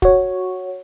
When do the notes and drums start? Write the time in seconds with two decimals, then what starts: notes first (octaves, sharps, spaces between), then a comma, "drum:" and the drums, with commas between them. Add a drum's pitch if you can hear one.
0.02 F#4 C#5, drum: kick